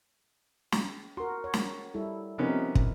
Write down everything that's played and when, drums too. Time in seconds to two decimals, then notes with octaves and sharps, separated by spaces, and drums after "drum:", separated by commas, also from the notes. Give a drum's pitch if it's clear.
0.72 drum: snare
1.17 F#4 A#4 C6
1.44 C#5
1.54 drum: snare
1.94 G3 E4 A4
2.38 C3 F3 B3 C#4 D#4 A#4
2.75 drum: kick